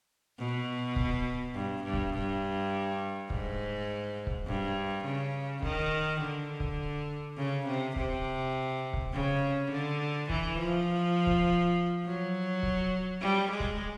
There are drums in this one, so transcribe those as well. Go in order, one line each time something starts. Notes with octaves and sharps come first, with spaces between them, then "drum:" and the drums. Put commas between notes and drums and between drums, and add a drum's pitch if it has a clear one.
B2
drum: kick
G2
G2
drum: kick
G2
G#2, drum: kick
drum: kick
G2
C#3
D#3, drum: kick
D3
drum: kick
C#3
C3
C3, drum: kick
drum: kick
C#3
D3
E3, drum: kick
F3
drum: kick
F#3
drum: kick
G3
G#3
drum: kick